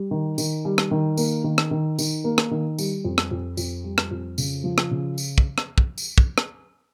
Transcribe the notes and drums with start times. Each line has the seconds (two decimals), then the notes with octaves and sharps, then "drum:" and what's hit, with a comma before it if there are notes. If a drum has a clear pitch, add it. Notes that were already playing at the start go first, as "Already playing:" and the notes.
Already playing: G3
0.11 D#3
0.38 D#3, drum: tambourine
0.65 G3
0.78 drum: rim click
0.91 D#3
1.17 A#3, drum: tambourine
1.44 D#3
1.58 drum: rim click
1.71 D#3
1.99 D#3, drum: tambourine
2.24 A#3
2.38 drum: rim click
2.51 D#3
2.78 G3, drum: tambourine
3.05 F2
3.18 drum: rim click
3.31 F2
3.57 F2, drum: tambourine
3.84 G3
3.98 drum: rim click
4.11 F2
4.38 C#3, drum: tambourine
4.64 F3
4.78 drum: rim click
4.91 C#3
5.18 drum: tambourine
5.38 drum: kick
5.58 drum: rim click
5.78 drum: kick
5.98 drum: tambourine
6.18 drum: kick
6.38 drum: rim click